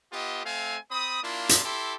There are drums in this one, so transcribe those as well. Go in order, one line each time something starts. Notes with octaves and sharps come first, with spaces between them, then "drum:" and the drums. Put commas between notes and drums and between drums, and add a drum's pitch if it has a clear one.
B3 F4 G4 D#5
A3 C4 F5 G#5
C4 B5 D#6
A#3 D4 E4 F4
drum: hi-hat
E4 G4 A4 C6